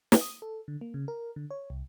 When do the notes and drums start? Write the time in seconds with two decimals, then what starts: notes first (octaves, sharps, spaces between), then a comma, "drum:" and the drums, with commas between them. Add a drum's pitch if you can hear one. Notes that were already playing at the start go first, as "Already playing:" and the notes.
0.12 drum: snare
0.21 D#6
0.42 A4
0.68 D3
0.81 A#3
0.94 C#3
1.08 A#4
1.36 D3
1.51 C#5
1.70 C2